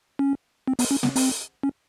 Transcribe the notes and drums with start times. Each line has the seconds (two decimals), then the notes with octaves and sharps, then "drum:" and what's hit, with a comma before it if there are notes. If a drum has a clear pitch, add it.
0.19 C#4
0.68 C4
0.79 B3, drum: open hi-hat
0.91 C#4
1.03 B3, drum: snare
1.16 C4, drum: open hi-hat
1.63 C#4